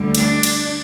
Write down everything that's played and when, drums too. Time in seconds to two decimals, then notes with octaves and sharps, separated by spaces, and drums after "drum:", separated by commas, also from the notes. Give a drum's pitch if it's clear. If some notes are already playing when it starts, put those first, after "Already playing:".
Already playing: D2 D3 G3
0.15 D4, drum: cymbal
0.43 drum: cymbal